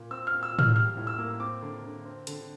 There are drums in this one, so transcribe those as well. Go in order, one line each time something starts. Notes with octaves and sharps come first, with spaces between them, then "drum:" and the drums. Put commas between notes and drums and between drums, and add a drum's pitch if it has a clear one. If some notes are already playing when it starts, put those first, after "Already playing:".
Already playing: A#2
C4 E6
F6
A#2
E6
A#2
F6, drum: tom A2
G3 F6
A2
E6
A#3
C4 D6
D3
D3
C4
D3, drum: hi-hat